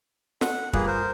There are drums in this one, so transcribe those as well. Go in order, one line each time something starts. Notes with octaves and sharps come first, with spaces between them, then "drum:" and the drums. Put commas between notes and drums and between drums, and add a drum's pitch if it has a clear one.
A4 F#5, drum: snare
G2 G3 A#3 F4 G#4 B4, drum: kick
A#4 C5